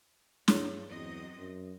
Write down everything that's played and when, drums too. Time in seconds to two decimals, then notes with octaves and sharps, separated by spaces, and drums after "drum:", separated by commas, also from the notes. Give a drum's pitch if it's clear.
0.48 G2 G#4 C#5, drum: snare
0.90 E2 F#3 C4 D#5
1.38 F#2